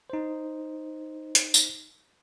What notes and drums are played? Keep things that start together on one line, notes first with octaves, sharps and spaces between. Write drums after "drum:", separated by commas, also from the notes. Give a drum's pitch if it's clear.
D#4 C5
drum: hi-hat
drum: tambourine